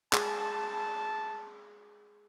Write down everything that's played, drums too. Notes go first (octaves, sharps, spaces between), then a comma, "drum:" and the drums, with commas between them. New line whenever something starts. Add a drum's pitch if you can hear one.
G#4 A5, drum: clap